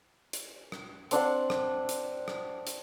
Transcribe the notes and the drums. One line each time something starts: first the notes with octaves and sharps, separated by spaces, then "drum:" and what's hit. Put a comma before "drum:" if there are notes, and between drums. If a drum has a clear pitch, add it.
drum: hi-hat
drum: rim click
C4 D4 C5 F#5, drum: hi-hat
drum: rim click
drum: hi-hat
drum: rim click
drum: hi-hat